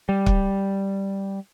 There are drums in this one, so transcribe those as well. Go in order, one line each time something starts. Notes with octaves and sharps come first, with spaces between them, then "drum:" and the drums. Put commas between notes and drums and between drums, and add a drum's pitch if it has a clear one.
G3
drum: kick